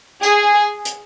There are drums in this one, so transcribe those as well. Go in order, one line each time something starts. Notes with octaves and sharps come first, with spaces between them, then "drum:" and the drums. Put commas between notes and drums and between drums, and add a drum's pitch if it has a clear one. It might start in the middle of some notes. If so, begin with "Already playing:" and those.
G#4, drum: tambourine
drum: hi-hat